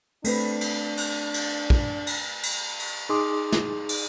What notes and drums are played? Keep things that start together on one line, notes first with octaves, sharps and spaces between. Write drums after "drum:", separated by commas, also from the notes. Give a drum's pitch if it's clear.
A3 C4 D4 B4, drum: cymbal
drum: cymbal
drum: cymbal
drum: cymbal
drum: kick
drum: cymbal
drum: cymbal
drum: cymbal
D#4 G#4 C6 D6 D#6
drum: snare
drum: cymbal